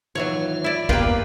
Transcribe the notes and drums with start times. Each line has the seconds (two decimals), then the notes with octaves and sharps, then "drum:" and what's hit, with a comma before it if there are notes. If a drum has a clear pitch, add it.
0.15 D#2 E3 F#3 F4 C#5
0.64 E4 D5
0.89 E2 G2 A#3 B3 F4 G4 B4 G5, drum: kick